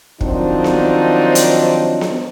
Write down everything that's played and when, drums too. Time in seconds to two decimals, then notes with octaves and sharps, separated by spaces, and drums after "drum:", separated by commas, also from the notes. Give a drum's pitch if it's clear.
0.21 D#3 F3 F#3 C4 D4 D#4, drum: kick
0.64 drum: snare B3
1.35 drum: hi-hat
2.01 drum: snare B3